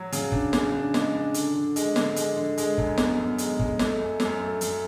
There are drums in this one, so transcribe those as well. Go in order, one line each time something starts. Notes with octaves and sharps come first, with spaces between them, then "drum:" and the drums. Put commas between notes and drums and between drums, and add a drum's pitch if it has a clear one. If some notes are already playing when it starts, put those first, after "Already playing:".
Already playing: F#3
C#3, drum: hi-hat
D4, drum: kick
C#3, drum: snare
D4
G#3, drum: snare
D4
D3, drum: hi-hat
D3
G#3, drum: hi-hat
D3, drum: snare
G#3, drum: hi-hat
D3
G#3, drum: hi-hat
F#2, drum: kick
B3, drum: snare
F#2
G#3, drum: hi-hat
G#3, drum: kick
A3, drum: snare
F#2
F#2, drum: snare
A3
F#2, drum: hi-hat